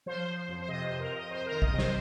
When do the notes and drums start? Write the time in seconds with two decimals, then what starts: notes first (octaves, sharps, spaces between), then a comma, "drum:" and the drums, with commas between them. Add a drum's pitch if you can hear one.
0.06 F3 C5
0.27 F3
0.37 C5
0.48 F2
0.62 C5
0.68 C3 D#5
0.84 C5
0.90 F2
1.00 A#4
1.11 F2 D#5
1.31 F2 C5
1.46 A#4
1.52 D#3
1.62 D#5, drum: kick A#1
1.72 C3
1.79 C5, drum: snare